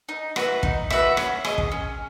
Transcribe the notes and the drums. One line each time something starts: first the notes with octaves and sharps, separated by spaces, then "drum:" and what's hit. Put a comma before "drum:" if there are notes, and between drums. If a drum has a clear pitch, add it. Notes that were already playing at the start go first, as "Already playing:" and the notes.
D#4
F#4 B4 E5, drum: rim click
D#4, drum: kick
F#4 B4 E5, drum: rim click
C#4, drum: rim click
G#4 D#5, drum: rim click
drum: kick
C#4